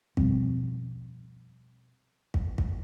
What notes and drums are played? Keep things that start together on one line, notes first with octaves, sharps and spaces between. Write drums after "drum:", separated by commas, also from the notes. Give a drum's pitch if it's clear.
B2 F3 G3 C4, drum: kick
drum: kick
drum: kick